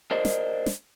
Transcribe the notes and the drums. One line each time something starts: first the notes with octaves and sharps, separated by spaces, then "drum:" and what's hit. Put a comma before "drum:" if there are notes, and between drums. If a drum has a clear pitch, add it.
D4 A#4 C5 D#5
drum: snare
drum: snare